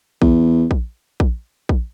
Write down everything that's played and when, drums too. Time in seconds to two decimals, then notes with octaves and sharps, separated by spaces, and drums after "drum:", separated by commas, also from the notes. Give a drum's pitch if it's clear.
0.22 E2, drum: kick A#1
0.71 drum: kick A#1
1.20 drum: kick A#1
1.69 drum: kick A#1